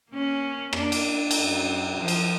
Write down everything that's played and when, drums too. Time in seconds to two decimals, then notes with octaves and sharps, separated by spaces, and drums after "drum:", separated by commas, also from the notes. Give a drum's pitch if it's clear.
0.11 A#3 C#4
0.73 A#3 D4, drum: rim click
0.92 drum: cymbal
1.31 drum: cymbal
1.41 F#2
1.99 F3
2.08 drum: cymbal